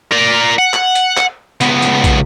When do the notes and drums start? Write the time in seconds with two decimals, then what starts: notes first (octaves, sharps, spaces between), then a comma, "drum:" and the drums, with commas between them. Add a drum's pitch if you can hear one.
0.11 A#4 D5
0.59 F#5
0.74 drum: clap
0.95 drum: hi-hat
1.17 drum: clap
1.61 C#2 B3, drum: hi-hat
1.82 drum: hi-hat
2.04 drum: kick, hi-hat